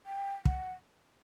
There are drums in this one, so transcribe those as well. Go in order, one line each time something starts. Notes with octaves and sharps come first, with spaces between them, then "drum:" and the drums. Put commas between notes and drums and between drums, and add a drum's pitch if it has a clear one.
G5
F#5, drum: kick